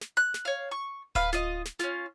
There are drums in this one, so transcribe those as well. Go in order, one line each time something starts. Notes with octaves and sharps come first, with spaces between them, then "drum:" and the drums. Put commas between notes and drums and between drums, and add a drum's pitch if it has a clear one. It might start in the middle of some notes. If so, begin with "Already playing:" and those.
drum: snare
F#6
drum: snare
C#5 F5
C#6
B4 F5, drum: kick D1
F4 D#5, drum: snare
drum: snare
C#4 F4, drum: snare